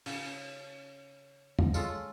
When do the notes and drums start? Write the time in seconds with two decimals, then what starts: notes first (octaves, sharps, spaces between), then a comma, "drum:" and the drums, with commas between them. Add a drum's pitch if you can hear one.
0.06 C#3, drum: open hi-hat
1.59 drum: tom
1.74 G#3 C#4 F4 A4, drum: tambourine